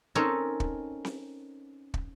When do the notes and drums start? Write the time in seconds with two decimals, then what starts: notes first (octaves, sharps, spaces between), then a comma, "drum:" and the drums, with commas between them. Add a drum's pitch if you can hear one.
0.15 C4 C#4 D#4 A4 A#4 C#5
0.60 drum: kick
1.05 drum: snare C4
1.94 drum: kick